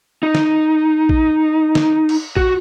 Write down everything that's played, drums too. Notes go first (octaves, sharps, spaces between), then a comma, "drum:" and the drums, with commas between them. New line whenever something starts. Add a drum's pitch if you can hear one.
D#4
drum: snare
drum: kick A#1
drum: snare
drum: cymbal
F#4, drum: kick A#1